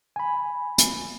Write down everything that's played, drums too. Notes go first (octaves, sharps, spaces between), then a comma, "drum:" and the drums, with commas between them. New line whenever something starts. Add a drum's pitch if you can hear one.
G#5 B5
drum: hi-hat